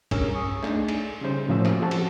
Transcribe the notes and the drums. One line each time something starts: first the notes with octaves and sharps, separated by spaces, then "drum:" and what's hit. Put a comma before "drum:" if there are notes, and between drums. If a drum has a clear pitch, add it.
G2 C#4 G#4 A#4 E6, drum: kick A#1, cymbal
C#6 D#6
A3 D4 D#4 G#4, drum: clap
drum: cymbal
C#3 G3 C5
A2 F3 A#3 C#4 F#4 E6
drum: clap
F3 C4 F#4 G4 A4
drum: cymbal